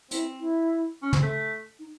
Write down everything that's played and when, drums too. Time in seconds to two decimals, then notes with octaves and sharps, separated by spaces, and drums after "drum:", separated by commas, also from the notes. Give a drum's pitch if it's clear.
0.11 C4 E4, drum: hi-hat
0.40 E4
1.02 C#4
1.13 C4, drum: tom
1.22 A3
1.79 D#4